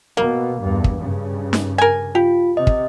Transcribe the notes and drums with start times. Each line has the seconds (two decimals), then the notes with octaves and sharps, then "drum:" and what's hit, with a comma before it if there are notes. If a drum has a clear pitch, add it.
0.17 B2 A#3
0.61 E2 G2
0.84 drum: kick
1.01 G2 C#3
1.53 drum: snare
1.78 A#4 G#5
2.15 F4 G4
2.57 C3 D#5
2.67 drum: kick